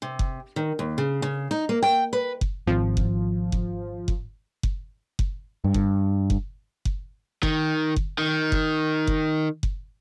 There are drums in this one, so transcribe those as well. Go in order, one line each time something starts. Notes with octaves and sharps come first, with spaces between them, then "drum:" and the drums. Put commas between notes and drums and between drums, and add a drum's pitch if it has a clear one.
C3
drum: kick F#1
D#3
D#2
C#3
C#3
D#4
A#3
G5
B4
drum: kick F#1
G#1 F3 C4
drum: kick F#1
drum: kick F#1
drum: kick F#1
drum: kick F#1
drum: kick F#1
G2
drum: kick F#1
drum: kick F#1
drum: kick F#1
D#3, drum: kick F#1
drum: kick F#1
D#3
drum: kick F#1
drum: kick F#1
drum: kick F#1